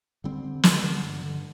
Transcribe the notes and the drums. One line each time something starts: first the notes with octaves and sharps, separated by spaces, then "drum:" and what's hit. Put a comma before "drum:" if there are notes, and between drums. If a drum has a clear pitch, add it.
D3 G3 C4
D3
D3, drum: snare
D3
G2
D3